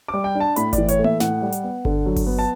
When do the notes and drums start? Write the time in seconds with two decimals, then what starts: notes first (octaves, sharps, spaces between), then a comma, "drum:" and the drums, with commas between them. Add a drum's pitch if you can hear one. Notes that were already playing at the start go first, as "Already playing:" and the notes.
0.08 D6
0.13 G3
0.24 G5
0.35 D4
0.40 A5
0.56 A2 B5, drum: hi-hat
0.73 D5, drum: kick G1, hi-hat
0.78 E3
0.88 C#5, drum: hi-hat
0.99 A3
1.04 E5, drum: tom A#3
1.20 A2 F#5, drum: snare
1.42 G3
1.52 drum: hi-hat
1.63 B3
1.85 D3, drum: kick G1
2.06 F#3
2.16 drum: kick G1, open hi-hat
2.26 B3
2.39 A5